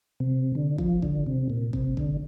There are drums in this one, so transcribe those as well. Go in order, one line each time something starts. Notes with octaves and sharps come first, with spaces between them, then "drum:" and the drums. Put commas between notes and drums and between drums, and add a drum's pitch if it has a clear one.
C3
D3
F3, drum: kick
D3, drum: kick
C3
A#2
C3, drum: kick
D3, drum: kick